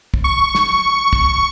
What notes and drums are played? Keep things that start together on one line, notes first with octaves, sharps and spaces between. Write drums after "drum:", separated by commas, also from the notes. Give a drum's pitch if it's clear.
drum: kick
C#6
drum: snare
drum: kick